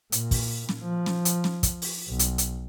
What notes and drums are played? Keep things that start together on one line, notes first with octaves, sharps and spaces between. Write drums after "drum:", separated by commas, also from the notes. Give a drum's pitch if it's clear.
A#2, drum: hi-hat
drum: kick, open hi-hat
drum: snare
F3
drum: snare
drum: hi-hat
drum: snare
drum: kick, hi-hat
drum: open hi-hat
B1
drum: hi-hat
drum: hi-hat